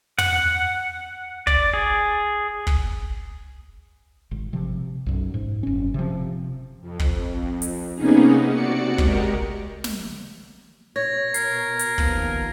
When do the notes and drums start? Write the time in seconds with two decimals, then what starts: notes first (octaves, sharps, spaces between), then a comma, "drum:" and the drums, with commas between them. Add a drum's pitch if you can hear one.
0.18 F#5, drum: tom
1.47 D5, drum: kick
1.74 G#4
2.67 drum: kick
4.31 G#1
4.53 C3 F3
5.06 B1 F#2
5.34 G#2
5.63 F#1 C#4
5.94 C3 F3
6.81 F2
6.99 drum: kick
7.62 drum: hi-hat
7.95 C3 A#3 B3 C#4 D#4 G#4
8.49 C3 F#4 D5 C#7
8.98 G#3 G4 A#4, drum: kick
9.84 drum: snare
10.96 B2 C#5 G#6 A#6
11.34 A#4 C7, drum: hi-hat
11.79 drum: hi-hat
11.98 D#2 F3 B3, drum: kick